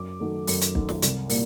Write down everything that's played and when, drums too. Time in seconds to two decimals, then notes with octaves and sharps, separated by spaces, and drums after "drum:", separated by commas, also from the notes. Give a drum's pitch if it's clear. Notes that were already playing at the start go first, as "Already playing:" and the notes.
Already playing: F#2 D6
0.20 D#3 F#3 A3
0.47 F#2, drum: open hi-hat
0.61 drum: hi-hat
0.75 D#3 F#3 A3, drum: kick
0.89 drum: snare
1.02 C2, drum: hi-hat
1.29 A#2 G3 A#3, drum: open hi-hat